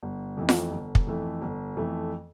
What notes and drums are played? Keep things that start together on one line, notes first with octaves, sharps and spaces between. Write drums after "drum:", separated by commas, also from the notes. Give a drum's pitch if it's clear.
G1
F2 E3 A3
drum: snare F4
G1
drum: kick
F2 E3 A3
G1
F2 E3 A3